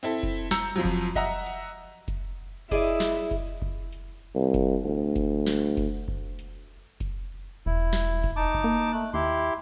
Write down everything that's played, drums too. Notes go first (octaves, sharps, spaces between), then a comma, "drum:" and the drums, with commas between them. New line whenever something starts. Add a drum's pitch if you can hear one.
C4 E4 A4
drum: kick F1, hi-hat
A#5 E6 G6 C#7, drum: snare
F2 F3 F#3
drum: kick F1, hi-hat
D#5 E5 F#5 A#5, drum: kick F1
drum: hi-hat
drum: kick F1, hi-hat
E4 G#4 D5 D#5, drum: kick F1, hi-hat
drum: snare
drum: kick F1, hi-hat
drum: kick F1
drum: hi-hat
C2
drum: kick F1, hi-hat
D2
drum: kick F1, hi-hat
drum: snare
drum: kick F1, hi-hat
drum: kick F1
drum: hi-hat
drum: kick F1, hi-hat
E1 E4
drum: snare
drum: kick F1, hi-hat
D#4 A5 D6
drum: kick F1
A#3
A3 F#6
D#2 E4 G4 C6